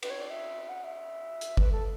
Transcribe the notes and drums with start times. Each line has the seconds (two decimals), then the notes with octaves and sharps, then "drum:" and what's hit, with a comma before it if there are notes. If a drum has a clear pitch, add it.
0.03 B4, drum: cymbal
0.10 C#5
0.20 D5
0.30 E5
0.69 F#5
0.84 E5
1.41 drum: hi-hat
1.57 B4, drum: kick G1
1.72 A4